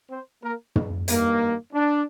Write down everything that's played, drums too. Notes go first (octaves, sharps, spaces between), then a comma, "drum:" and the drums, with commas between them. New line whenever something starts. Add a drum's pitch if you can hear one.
C4 C5
A#3 A#4
drum: tom
G2 D#3 A#3, drum: hi-hat
D4